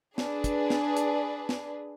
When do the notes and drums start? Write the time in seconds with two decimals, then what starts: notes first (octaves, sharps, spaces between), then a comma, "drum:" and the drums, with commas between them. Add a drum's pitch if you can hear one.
0.18 D4 G#4 B4, drum: snare
0.44 drum: kick, hi-hat
0.70 drum: snare
0.97 drum: hi-hat
1.49 drum: snare